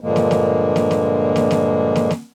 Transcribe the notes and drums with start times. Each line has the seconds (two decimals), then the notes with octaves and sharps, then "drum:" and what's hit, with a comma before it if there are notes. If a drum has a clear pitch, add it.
0.01 G2 A#2 D3 F3 G#3 A#3
0.16 drum: snare
0.31 drum: snare
0.76 drum: snare
0.91 drum: snare
1.36 drum: snare
1.51 drum: snare
1.96 drum: snare
2.11 drum: snare